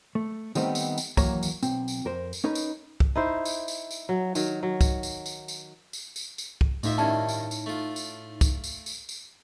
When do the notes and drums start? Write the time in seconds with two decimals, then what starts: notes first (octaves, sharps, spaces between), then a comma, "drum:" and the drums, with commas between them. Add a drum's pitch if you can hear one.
0.15 A3
0.55 D#3 G3 A3 B3 C4 D#4, drum: tambourine
0.75 drum: tambourine
0.98 drum: tambourine
1.17 D#2 E3 F#3 A#3 C#5 A#5, drum: kick, tambourine
1.43 drum: tambourine
1.63 B1 C4, drum: tambourine
1.88 drum: tambourine
2.05 F2 A#4 C5
2.33 drum: tambourine
2.44 C#4 D#4 A#4 B4
2.55 drum: tambourine
3.00 drum: kick
3.15 D#4 E4 C5
3.45 drum: tambourine
3.68 drum: tambourine
3.91 drum: tambourine
4.09 F#3
4.35 D#3 F#3, drum: tambourine
4.63 F#3
4.81 drum: kick, tambourine
5.03 drum: tambourine
5.26 drum: tambourine
5.48 drum: tambourine
5.93 drum: tambourine
6.16 drum: tambourine
6.38 drum: tambourine
6.61 drum: kick
6.83 F2 A2 F3 D#4 E5, drum: tambourine
6.98 G2 D#3 C#4 E4 F4 A5
7.28 drum: tambourine
7.51 drum: tambourine
7.66 A3 F4
7.96 drum: tambourine
8.41 drum: kick, tambourine
8.64 drum: tambourine
8.86 drum: tambourine
9.09 drum: tambourine